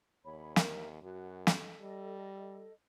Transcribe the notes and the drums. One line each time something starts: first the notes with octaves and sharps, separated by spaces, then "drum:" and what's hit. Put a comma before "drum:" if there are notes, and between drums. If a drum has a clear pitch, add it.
D#2 C#5 B5
A#4 E5, drum: snare
F#2 F#4
A4 D#5, drum: snare
G3